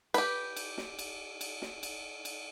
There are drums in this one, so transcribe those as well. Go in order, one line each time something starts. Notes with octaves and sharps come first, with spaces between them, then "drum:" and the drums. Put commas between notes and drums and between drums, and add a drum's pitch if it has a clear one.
G4 B4, drum: cymbal
drum: cymbal
drum: snare
drum: cymbal
drum: cymbal
drum: snare
drum: cymbal
drum: cymbal